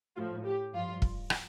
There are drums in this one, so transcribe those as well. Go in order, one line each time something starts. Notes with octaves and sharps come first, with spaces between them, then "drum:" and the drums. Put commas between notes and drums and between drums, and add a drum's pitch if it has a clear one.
A2 F3 F4
G4
G2 F3 F4
drum: kick
drum: rim click